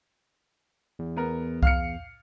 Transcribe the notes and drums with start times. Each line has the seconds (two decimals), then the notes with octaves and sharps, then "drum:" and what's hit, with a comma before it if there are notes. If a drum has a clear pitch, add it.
0.99 E2
1.16 B3 A#4
1.62 F5 F6 C#7, drum: kick C2